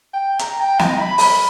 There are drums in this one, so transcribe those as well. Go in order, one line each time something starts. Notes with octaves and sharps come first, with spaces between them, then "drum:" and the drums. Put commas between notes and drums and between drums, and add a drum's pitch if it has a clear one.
G5
A#5, drum: hi-hat
G5
D#5, drum: snare
B5
B5, drum: open hi-hat